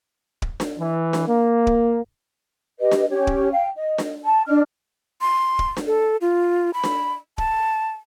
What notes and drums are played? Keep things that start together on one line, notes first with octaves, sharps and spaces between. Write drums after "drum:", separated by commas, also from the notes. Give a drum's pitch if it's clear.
drum: kick D1
drum: snare D4
E3
drum: snare D4
A#3
drum: kick D1
G4 B4 D#5
drum: snare D4
C#4 G4 C#5
drum: kick D1
F5 G5
D#5
drum: snare D4
A5
D4 D#5 F6
C6
drum: kick D1
drum: snare D4
A4
F4
B5
drum: snare D4
A5, drum: kick D1